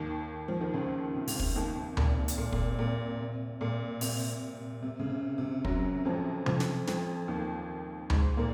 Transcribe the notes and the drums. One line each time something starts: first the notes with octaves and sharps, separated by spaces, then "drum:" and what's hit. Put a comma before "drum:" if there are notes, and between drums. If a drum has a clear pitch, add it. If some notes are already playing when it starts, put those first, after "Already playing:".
Already playing: D#2 D#3
F3
D#3
C#2 C#3
C3
C#3, drum: open hi-hat
C3, drum: kick
D#2 D#3
C3
A#2, drum: tom C#2
C3
drum: hi-hat
A#2
A#2, drum: kick
C3
A#2
C3
A#2
C3, drum: open hi-hat
C3
C#3
C3
C3
F#2 F#3, drum: kick
F2 F3
F2 F3, drum: tom C3
drum: snare
F2 F3, drum: snare
D#2 D#3
G#2 G#3, drum: tom C#2
A#2 A#3